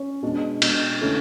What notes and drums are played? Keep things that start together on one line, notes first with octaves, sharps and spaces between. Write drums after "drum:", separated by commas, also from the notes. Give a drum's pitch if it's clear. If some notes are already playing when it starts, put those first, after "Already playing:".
Already playing: C#4
B2 G#3 D4
B2 G#3 D4, drum: cymbal
D3 A3 C#4 E4